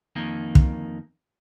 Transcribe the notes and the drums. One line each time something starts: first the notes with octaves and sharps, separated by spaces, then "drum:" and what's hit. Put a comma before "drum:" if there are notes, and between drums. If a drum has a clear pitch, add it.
F2 D#3 A#3
drum: kick